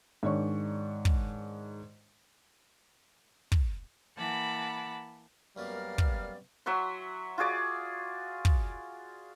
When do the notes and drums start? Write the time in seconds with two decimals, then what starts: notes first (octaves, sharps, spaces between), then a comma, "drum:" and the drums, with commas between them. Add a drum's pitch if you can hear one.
0.23 G#2 D#3 D4 C#5 D5 C#6
1.05 drum: kick
3.52 drum: kick
4.16 E3 A#3 F#5 A5 B5 D6
5.56 F#2 G3 A#3 B3 A#4 D5 F5 F6
5.98 drum: kick
6.66 F#3 E5 F#5 C6
7.38 F4 F#4 G#4 D5
8.45 drum: kick